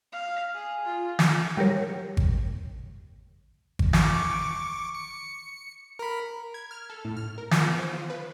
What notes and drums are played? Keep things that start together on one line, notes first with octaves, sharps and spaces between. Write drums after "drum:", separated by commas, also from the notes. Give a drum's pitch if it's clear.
F5
G#4
F4
drum: snare
F#3 G3 G4 A#4 C#5
drum: kick G#1
drum: kick G#1
C#6 D6, drum: snare
C#7
A#4 B5
G#6
F6
A4
A2
F6
A#4
F3, drum: snare
B3
C5
F4
B4